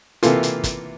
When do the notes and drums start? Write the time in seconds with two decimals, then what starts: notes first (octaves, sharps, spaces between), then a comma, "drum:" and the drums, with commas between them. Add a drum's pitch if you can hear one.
0.23 C3 E3 A#3 F4 A4, drum: hi-hat
0.43 drum: hi-hat
0.64 drum: kick, hi-hat